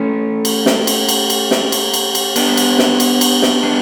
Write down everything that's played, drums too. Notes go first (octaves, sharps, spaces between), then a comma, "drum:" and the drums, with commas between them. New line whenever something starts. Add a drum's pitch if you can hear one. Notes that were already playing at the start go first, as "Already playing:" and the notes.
Already playing: A3 C#4
drum: cymbal
drum: snare
drum: cymbal
drum: cymbal
drum: cymbal
drum: snare
drum: cymbal
drum: cymbal
drum: cymbal
B3 D4, drum: cymbal
drum: cymbal
drum: snare
drum: cymbal
drum: cymbal
drum: snare
B3 D4